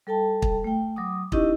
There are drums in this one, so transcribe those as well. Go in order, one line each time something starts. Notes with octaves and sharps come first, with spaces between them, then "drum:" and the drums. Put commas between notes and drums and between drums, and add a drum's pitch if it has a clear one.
G3 A4 G5 A5
drum: kick
A3 G5
F#3 D6 D#6
C#4 D#4 E4 G4 D#5 C#6, drum: kick